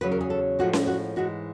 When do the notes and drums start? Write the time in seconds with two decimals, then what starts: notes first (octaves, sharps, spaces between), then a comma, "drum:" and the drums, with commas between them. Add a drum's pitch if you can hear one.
0.01 E2 C#3 F#3 B4
0.12 A#4
0.21 G#4
0.30 A4
0.59 A2 F3 G#3 F#4
0.73 drum: snare C#4
0.87 F#4
1.16 G#2 E3 G#3 F#4